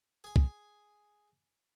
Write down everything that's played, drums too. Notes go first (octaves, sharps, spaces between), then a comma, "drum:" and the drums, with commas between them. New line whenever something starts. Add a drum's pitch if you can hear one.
G#4 G#5
drum: kick